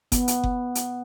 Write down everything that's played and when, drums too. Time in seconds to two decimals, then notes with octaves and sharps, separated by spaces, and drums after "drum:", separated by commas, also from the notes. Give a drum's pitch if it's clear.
0.12 B3, drum: kick F#1, hi-hat
0.28 drum: hi-hat
0.44 drum: kick F#1
0.75 drum: hi-hat